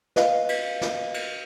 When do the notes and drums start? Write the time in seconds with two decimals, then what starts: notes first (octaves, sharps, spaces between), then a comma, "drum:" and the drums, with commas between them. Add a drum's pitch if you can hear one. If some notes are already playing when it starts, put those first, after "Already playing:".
0.16 B4 D#5 F5, drum: snare
0.49 drum: cymbal
0.81 drum: snare
1.14 drum: cymbal